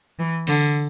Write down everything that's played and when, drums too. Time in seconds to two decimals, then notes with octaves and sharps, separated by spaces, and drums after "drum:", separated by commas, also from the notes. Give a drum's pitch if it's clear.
0.19 E3
0.47 D3, drum: open hi-hat